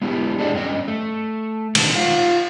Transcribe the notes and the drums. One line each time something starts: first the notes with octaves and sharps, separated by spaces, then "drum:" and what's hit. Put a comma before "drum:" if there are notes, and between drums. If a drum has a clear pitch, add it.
G#3 B3 E4 G4
D4 G#4 A4 D5 D#5
G2 C#4 F#4 D#5
A3
B2 D3 D#3 F#3 G#3 A3, drum: cymbal
F4 F5 F#5